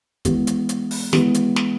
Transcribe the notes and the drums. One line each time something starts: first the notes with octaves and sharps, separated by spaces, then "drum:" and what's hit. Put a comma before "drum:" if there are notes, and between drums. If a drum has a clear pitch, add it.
E3 G#3 B3, drum: kick, hi-hat
drum: hi-hat
drum: hi-hat
drum: open hi-hat
E3 G#3 B3, drum: snare
drum: hi-hat
drum: snare